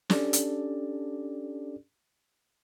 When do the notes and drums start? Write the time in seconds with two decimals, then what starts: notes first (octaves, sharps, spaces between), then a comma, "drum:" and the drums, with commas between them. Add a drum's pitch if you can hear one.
0.10 C#4 D4 G4 A4 D5, drum: snare
0.33 drum: hi-hat